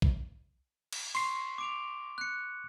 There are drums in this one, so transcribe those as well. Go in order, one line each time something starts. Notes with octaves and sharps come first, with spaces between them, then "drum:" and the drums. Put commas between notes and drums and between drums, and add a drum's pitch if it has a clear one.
drum: kick
drum: cymbal
C6 C#6 C7, drum: open hi-hat
D6 D7 F7
F#6 C#7